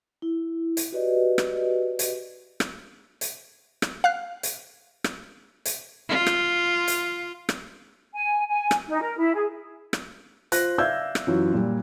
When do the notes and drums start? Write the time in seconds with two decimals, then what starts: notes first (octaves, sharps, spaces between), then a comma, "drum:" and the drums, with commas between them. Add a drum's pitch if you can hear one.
0.22 E4
0.77 drum: hi-hat
0.92 F#4 G4 B4 D5 D#5
1.38 drum: rim click
1.99 drum: hi-hat
2.60 drum: rim click
3.21 drum: hi-hat
3.82 drum: rim click
4.04 F5 F6 F#6
4.43 drum: hi-hat
5.04 drum: rim click
5.65 drum: hi-hat
6.09 F4
6.27 drum: rim click
6.88 drum: hi-hat
7.49 drum: rim click
8.14 G#5
8.50 G#5
8.71 drum: rim click
8.89 D#4
9.01 A#4
9.18 E4
9.35 G#4
9.93 drum: rim click
10.52 F4 C5 F#6 A#6, drum: hi-hat
10.78 D5 E5 F5 E6 G6 G#6
11.15 drum: rim click
11.27 F#2 E3 F#3 E4 F4
11.53 A#2 G3